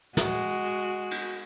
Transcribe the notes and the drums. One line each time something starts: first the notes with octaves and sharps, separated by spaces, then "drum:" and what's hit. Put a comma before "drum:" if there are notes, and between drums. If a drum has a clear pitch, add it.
G#3 F#4, drum: snare
drum: cymbal